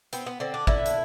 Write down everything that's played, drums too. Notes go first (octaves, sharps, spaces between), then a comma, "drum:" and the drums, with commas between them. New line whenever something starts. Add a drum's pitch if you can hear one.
B3 C4, drum: hi-hat
B3
D3 C4
D4
D3 E4, drum: kick
drum: hi-hat